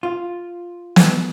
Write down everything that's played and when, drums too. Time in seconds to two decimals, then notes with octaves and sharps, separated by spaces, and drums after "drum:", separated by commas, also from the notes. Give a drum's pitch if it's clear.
0.03 F4
0.96 drum: snare